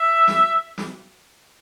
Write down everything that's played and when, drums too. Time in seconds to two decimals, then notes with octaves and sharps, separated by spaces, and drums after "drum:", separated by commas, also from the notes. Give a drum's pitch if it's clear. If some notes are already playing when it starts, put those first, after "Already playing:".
Already playing: E5
0.28 drum: snare
0.78 drum: snare